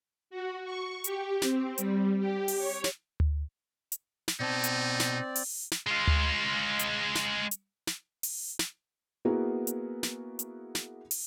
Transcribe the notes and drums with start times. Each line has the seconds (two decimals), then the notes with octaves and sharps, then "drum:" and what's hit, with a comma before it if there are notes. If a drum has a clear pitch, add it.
0.30 F#4
0.64 C#6
1.04 G4, drum: hi-hat
1.42 C4, drum: snare
1.78 G3, drum: hi-hat
2.20 G4
2.48 drum: open hi-hat
2.58 C#5
2.84 drum: snare
3.20 drum: tom D2
3.92 drum: hi-hat
4.28 drum: snare
4.40 B2 C4 D#4 D5 A5
4.64 drum: hi-hat
5.00 drum: snare
5.36 drum: open hi-hat
5.71 drum: snare
5.87 G#3 F4
6.07 drum: tom D2
6.79 drum: hi-hat
7.15 drum: snare
7.51 drum: hi-hat
7.87 drum: snare
8.23 drum: open hi-hat
8.59 drum: snare
9.25 A#3 B3 E4 F#4 G#4 A#4
9.67 drum: hi-hat
10.03 drum: snare
10.39 drum: hi-hat
10.75 drum: snare
11.11 drum: open hi-hat